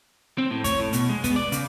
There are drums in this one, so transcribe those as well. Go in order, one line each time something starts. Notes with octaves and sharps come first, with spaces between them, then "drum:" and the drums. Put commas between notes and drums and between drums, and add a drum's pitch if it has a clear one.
C4
A2
C#5, drum: kick, hi-hat
A2
B2, drum: hi-hat
G#3
B3, drum: kick, hi-hat
D5
C#3, drum: hi-hat